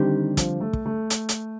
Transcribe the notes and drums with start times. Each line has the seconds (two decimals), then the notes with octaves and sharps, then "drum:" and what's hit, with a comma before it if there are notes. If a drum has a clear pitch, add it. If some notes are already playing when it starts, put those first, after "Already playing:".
Already playing: D3 D#3 G3 C4 G4
0.37 F3, drum: kick, hi-hat
0.61 A3
0.73 drum: kick
0.86 A3
1.10 drum: hi-hat
1.29 drum: hi-hat